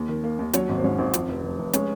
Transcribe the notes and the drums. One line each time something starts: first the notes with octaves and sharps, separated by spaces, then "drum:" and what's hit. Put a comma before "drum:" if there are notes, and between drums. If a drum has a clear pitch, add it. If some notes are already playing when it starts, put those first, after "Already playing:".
Already playing: D#2
D#3
A#3
D#2
F#3 C#4 C#5, drum: hi-hat
G#1
C5
G#2 C#4 C#5
G#1 C5
F2, drum: hi-hat
F1
F1
F1
G#3 C#4 C#5, drum: hi-hat